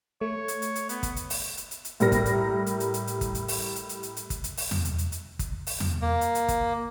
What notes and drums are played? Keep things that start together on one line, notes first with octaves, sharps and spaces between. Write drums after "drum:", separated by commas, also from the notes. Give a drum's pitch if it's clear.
A3 C#5
drum: hi-hat
drum: hi-hat
drum: hi-hat
B3, drum: hi-hat
drum: kick, hi-hat
drum: hi-hat
drum: open hi-hat
drum: hi-hat
drum: hi-hat
drum: hi-hat
A2 G3 A#4 A#6, drum: hi-hat
drum: kick, hi-hat
drum: hi-hat
drum: hi-hat
drum: hi-hat
drum: hi-hat
drum: hi-hat
drum: kick, hi-hat
drum: hi-hat
drum: open hi-hat
drum: hi-hat
drum: hi-hat
drum: hi-hat
drum: hi-hat
drum: kick, hi-hat
drum: hi-hat
drum: open hi-hat
drum: tom E2
drum: hi-hat
drum: hi-hat
drum: hi-hat
drum: kick, hi-hat
drum: open hi-hat
drum: tom E2
A#3
drum: hi-hat
drum: hi-hat
drum: kick, hi-hat